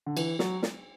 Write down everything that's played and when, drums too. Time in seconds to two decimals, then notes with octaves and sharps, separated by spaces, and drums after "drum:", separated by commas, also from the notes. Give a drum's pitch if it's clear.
0.06 D3
0.17 E3, drum: cymbal
0.39 F#3, drum: snare
0.63 drum: snare